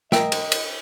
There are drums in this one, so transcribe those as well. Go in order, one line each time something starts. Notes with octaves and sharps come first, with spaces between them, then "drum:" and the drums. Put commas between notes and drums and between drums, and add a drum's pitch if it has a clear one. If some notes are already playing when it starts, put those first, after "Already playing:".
A#4 D#5 E5 G5, drum: snare
drum: cymbal
drum: cymbal